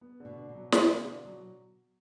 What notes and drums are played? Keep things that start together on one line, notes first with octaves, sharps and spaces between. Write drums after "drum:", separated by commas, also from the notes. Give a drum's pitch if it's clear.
B3
B2 D3
D4
B2
F#3
B3, drum: snare
D3
D4
F#3